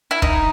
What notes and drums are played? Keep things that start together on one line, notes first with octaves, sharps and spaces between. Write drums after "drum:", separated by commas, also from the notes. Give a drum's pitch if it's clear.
E4
D#4, drum: kick